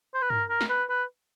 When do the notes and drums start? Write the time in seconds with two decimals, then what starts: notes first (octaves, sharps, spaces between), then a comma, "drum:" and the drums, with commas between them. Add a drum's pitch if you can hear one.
0.14 C5
0.22 B4
0.30 A#4, drum: tom G2
0.50 A#4
0.61 drum: snare
0.70 B4
0.90 B4